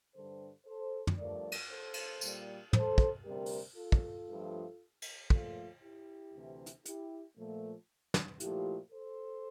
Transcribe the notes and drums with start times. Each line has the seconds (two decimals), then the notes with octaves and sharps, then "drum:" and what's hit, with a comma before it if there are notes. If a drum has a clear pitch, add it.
0.15 G2 D3 G3 A4 C5
0.66 A4 C5
1.07 drum: tom
1.18 G2 F3 A3 A#4 D5
1.52 drum: cymbal
1.69 A4 C5
1.94 drum: cymbal
2.21 A#2 G3, drum: tambourine
2.73 A4 C5, drum: tom
2.98 drum: kick
3.24 D2 C3 G3 G4 A#4
3.46 drum: open hi-hat
3.75 F4 A4
3.92 drum: kick
4.27 G2 F3 A3
5.02 drum: cymbal
5.30 A#2 F3 A3 F4 A4, drum: kick
5.82 E4 G4
6.33 D2 C3 E3
6.67 drum: hi-hat
6.86 E4 G4, drum: hi-hat
7.36 A#2 F3 A3
8.14 drum: snare
8.40 A#2 F3 A3 E4 G4, drum: hi-hat
8.92 A4 C5